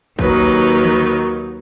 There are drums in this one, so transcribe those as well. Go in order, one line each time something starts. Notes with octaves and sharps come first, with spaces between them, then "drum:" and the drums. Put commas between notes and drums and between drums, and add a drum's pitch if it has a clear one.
D#2 D#3 F#3 B4, drum: kick
drum: tom D3